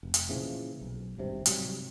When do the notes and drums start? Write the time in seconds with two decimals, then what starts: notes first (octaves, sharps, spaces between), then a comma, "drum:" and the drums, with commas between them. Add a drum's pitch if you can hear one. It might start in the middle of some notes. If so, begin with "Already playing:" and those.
0.03 F1
0.14 drum: hi-hat
0.29 A#2 C#3 E3 F3
0.81 B1
1.18 G#1 G2 C3 C4
1.46 G#2 C3 F#3 G3, drum: hi-hat